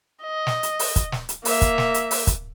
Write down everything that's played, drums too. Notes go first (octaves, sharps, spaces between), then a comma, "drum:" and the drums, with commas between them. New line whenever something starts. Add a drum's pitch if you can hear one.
D#5
drum: snare
drum: hi-hat
drum: open hi-hat
drum: kick, hi-hat
drum: snare
drum: hi-hat
A#3 E5, drum: open hi-hat
drum: kick, hi-hat
drum: snare
drum: hi-hat
drum: open hi-hat
drum: kick, hi-hat